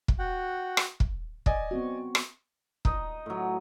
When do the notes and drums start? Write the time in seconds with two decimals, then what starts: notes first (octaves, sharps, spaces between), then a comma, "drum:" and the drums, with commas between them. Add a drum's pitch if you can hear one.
0.08 drum: kick
0.19 F#4 F#5 G5
0.77 drum: rim click
1.00 drum: kick
1.46 D5 D#5 G#5, drum: kick
1.71 B3 C4 F#4
2.15 drum: rim click
2.85 D#4 D#5, drum: kick
3.26 A2 F#3